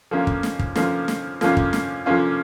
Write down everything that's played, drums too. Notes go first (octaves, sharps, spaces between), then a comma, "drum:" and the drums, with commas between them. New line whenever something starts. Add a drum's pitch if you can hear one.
D3 F3 A#3 C#4 F4
drum: kick
drum: snare
drum: kick
D3 F3 A#3 C#4 F4, drum: snare
drum: snare
D3 F3 A#3 C#4 F4, drum: snare
drum: kick
drum: snare
D3 F3 A#3 C#4 F4